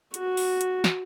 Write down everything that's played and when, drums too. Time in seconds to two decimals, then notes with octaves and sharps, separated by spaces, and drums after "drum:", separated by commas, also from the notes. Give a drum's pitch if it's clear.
0.14 F#4, drum: hi-hat
0.37 drum: open hi-hat
0.61 drum: hi-hat
0.84 drum: snare